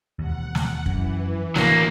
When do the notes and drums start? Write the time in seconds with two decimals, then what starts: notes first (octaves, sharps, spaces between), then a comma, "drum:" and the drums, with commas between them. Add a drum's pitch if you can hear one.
0.19 E1 D#2 F#5
0.55 drum: snare
0.86 F#2 E3, drum: kick
1.56 A1 D3 F#3 A#3, drum: snare